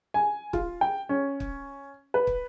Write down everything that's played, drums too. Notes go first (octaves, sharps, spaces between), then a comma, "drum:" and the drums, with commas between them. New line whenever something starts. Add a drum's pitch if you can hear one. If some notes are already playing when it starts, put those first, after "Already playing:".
G#5
F4, drum: kick
G5
C#4
drum: kick
B4
drum: kick